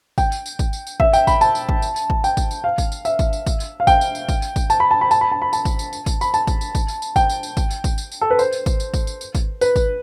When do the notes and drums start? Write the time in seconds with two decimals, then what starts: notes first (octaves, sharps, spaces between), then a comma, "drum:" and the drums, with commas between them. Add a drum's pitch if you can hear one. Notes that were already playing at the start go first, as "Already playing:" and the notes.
0.18 G5, drum: kick G#1, tambourine
0.32 drum: tambourine
0.46 drum: tambourine
0.59 drum: kick G#1, tambourine
0.73 drum: tambourine
0.87 drum: tambourine
1.00 E5, drum: kick G#1
1.13 G5, drum: tambourine
1.27 B5, drum: kick G#1, tambourine
1.41 A5, drum: tambourine
1.55 drum: tambourine
1.69 drum: kick G#1
1.82 drum: tambourine
1.96 drum: tambourine
2.10 drum: kick G#1
2.24 G5, drum: tambourine
2.37 drum: kick G#1, tambourine
2.51 drum: tambourine
2.64 F5
2.78 drum: kick G#1, tambourine
2.92 drum: tambourine
3.05 E5, drum: tambourine
3.19 drum: kick G#1, tambourine
3.33 drum: tambourine
3.47 drum: kick G#1, tambourine
3.60 drum: tambourine
3.80 F5
3.87 G5, drum: kick G#1, tambourine
4.01 drum: tambourine
4.15 drum: tambourine
4.29 drum: kick G#1, tambourine
4.42 drum: tambourine
4.56 drum: kick G#1, tambourine
4.70 A5, drum: tambourine
4.80 B5
4.91 A5
5.01 B5
5.11 A5, drum: tambourine
5.21 B5
5.32 A5
5.42 B5
5.53 A5, drum: tambourine
5.65 drum: kick G#1, tambourine
5.79 drum: tambourine
5.93 drum: tambourine
6.06 drum: kick G#1, tambourine
6.21 B5, drum: tambourine
6.34 A5, drum: tambourine
6.47 drum: kick G#1, tambourine
6.61 drum: tambourine
6.75 drum: kick G#1, tambourine
6.88 drum: tambourine
7.02 drum: tambourine
7.16 G5, drum: kick G#1, tambourine
7.29 drum: tambourine
7.43 drum: tambourine
7.57 drum: kick G#1, tambourine
7.70 drum: tambourine
7.84 drum: kick G#1, tambourine
7.98 drum: tambourine
8.12 drum: tambourine
8.21 A4
8.31 B4
8.39 C5, drum: tambourine
8.53 drum: tambourine
8.66 drum: kick G#1, tambourine
8.80 drum: tambourine
8.94 drum: kick G#1, tambourine
9.07 drum: tambourine
9.21 drum: tambourine
9.35 drum: kick G#1, tambourine
9.61 B4, drum: tambourine
9.76 drum: kick G#1, tambourine